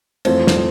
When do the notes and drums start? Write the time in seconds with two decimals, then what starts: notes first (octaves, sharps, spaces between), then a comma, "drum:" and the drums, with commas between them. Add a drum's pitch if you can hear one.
0.25 F2 E3 A3 C4 C5, drum: cymbal
0.47 drum: snare